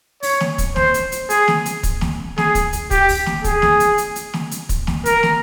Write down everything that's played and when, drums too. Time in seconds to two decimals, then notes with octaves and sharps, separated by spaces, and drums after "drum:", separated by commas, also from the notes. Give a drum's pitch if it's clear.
0.23 C#5, drum: open hi-hat
0.40 drum: snare
0.58 drum: kick, hi-hat
0.76 C5, drum: snare
0.94 drum: hi-hat
1.12 drum: hi-hat
1.30 G#4, drum: hi-hat
1.48 drum: snare
1.66 drum: hi-hat
1.83 drum: kick, hi-hat
2.01 drum: snare
2.38 G#4, drum: snare
2.55 drum: kick, hi-hat
2.73 drum: hi-hat
2.91 G4, drum: kick, hi-hat
3.08 drum: open hi-hat
3.26 drum: snare
3.44 G#4, drum: kick, hi-hat
3.62 drum: snare
3.80 drum: hi-hat
3.98 drum: hi-hat
4.16 drum: hi-hat
4.34 drum: snare
4.51 drum: hi-hat
4.69 drum: kick, hi-hat
4.87 drum: snare
5.05 A#4, drum: hi-hat
5.23 drum: snare